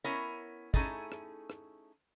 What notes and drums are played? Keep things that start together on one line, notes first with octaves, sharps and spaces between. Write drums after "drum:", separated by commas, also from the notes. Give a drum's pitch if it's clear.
B3 C#4 E4 A#4 C#5
A3 C#4 D#4 E4 G#4 A4, drum: kick
drum: rim click
drum: rim click